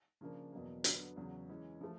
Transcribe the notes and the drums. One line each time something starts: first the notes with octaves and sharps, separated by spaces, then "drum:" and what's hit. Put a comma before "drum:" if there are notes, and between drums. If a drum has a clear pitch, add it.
C#3 F3 A#3 D4
E2 B2 F#3 A#3
D3 F#3 B3, drum: hi-hat
E2 C#3 F#3
E3 G#3 C#4
F3 A3